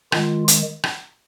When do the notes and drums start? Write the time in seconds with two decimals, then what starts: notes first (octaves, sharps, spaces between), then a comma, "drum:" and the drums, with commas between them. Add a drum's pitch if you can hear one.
0.12 D#3 G#3 F4, drum: rim click
0.48 drum: hi-hat
0.84 drum: rim click